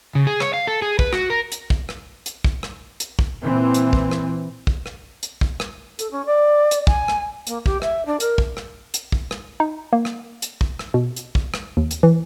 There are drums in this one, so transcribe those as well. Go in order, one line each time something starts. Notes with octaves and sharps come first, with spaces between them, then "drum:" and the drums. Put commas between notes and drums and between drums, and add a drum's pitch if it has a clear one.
C#3
G#4
C#5, drum: rim click
F5
A4
G#4
B4, drum: kick
F#4, drum: rim click
A#4
drum: hi-hat
drum: kick
drum: rim click
drum: hi-hat
drum: kick
drum: rim click
drum: hi-hat
drum: kick
A#2 E3 C4
drum: hi-hat
drum: kick
drum: rim click
drum: kick
drum: rim click
drum: hi-hat
drum: kick
drum: rim click
A4, drum: hi-hat
C#4
D5
drum: hi-hat
G#5, drum: kick
drum: rim click
A#3, drum: hi-hat
G4, drum: kick
E5, drum: rim click
D4
A#4, drum: hi-hat
drum: kick
drum: rim click
drum: hi-hat
drum: kick
drum: rim click
D#4
A#3
drum: rim click
drum: hi-hat
drum: kick
drum: rim click
B2
drum: hi-hat
drum: kick
drum: rim click
D#2
drum: hi-hat
E3